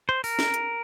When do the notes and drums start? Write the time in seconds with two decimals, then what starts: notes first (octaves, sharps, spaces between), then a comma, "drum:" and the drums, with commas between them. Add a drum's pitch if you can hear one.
0.09 C5
0.24 A#4, drum: open hi-hat
0.39 drum: snare
0.54 drum: hi-hat